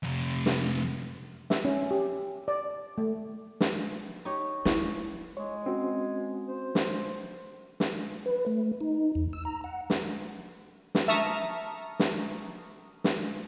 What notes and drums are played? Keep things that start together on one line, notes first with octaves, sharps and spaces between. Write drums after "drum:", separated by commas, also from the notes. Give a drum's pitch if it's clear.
F2 C3
drum: snare
E5, drum: snare
C#4
G4
D5
A3
drum: snare
D#4 G4 C#5
E4, drum: snare
G#3 C#5
C4 C#4 F#4
C5
drum: snare
drum: snare
B4
A3
D#4
E2
E6
A#5
F#5
drum: snare
drum: snare
E5 A5 A#5 C#6 D#6 F6
drum: snare
drum: snare